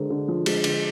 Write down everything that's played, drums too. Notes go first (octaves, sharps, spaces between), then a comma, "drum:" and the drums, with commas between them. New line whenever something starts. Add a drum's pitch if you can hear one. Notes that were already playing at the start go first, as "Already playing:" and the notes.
Already playing: D3 G#3 A#4 C5
D3
F3
G#3, drum: cymbal
D3, drum: cymbal